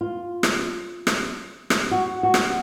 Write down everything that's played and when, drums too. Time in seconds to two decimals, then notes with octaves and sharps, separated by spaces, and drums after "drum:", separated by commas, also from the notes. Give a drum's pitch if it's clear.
0.01 F4
0.43 drum: rim click
1.07 drum: rim click
1.70 drum: rim click
1.91 F#4
2.23 F#4
2.34 drum: rim click